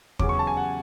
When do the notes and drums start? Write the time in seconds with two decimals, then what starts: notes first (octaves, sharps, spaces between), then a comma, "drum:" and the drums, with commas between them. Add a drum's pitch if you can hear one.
0.19 E2 C#3 F#3 C#4 D6, drum: kick
0.29 C#6
0.39 A5
0.47 G#5
0.57 F#5